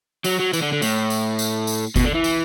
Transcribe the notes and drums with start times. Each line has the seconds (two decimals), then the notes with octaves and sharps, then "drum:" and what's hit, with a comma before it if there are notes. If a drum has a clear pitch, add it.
0.24 F#3, drum: tambourine
0.39 F#3
0.53 E3, drum: tambourine
0.62 D3
0.73 D3
0.82 A2, drum: tambourine
1.10 drum: tambourine
1.39 drum: tambourine
1.67 drum: tambourine
1.96 B2, drum: kick F#1, tambourine
2.05 D3
2.14 E3
2.24 drum: tambourine